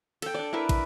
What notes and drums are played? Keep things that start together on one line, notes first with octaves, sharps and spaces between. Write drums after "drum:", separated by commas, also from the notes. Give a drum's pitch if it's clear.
A4 G5, drum: cymbal
D4 D5
E4 A#4 B4 E5
drum: kick, cymbal